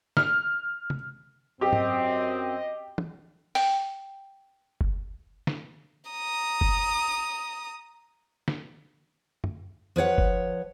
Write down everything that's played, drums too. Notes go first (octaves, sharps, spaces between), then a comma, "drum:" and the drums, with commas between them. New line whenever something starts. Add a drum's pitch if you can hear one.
F6, drum: snare
drum: tom
F#2 C4 G4 D#5
drum: tom
drum: tom
G5, drum: open hi-hat
drum: kick
drum: snare
A#5 D#6
drum: kick
drum: snare
drum: tom
F3 B4 C#5 F#5
drum: kick